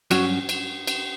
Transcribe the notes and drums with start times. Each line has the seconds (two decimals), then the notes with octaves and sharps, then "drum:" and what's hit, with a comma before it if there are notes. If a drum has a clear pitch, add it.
0.11 G2 F#3 C#4 F#4, drum: cymbal
0.49 drum: cymbal
0.87 drum: cymbal